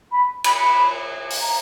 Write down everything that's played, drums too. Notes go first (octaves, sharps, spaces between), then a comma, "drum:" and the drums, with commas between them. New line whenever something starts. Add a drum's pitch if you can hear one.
B5
B5, drum: cymbal
B5
drum: open hi-hat
A#5